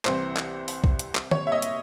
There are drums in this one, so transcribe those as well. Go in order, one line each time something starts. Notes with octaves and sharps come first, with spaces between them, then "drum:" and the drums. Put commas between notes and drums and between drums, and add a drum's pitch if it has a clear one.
C2 C3 E3 C4 C5, drum: clap
drum: clap
drum: open hi-hat
drum: kick B1
drum: hi-hat
drum: clap
C#5, drum: tom D#3
E5
D#5
drum: hi-hat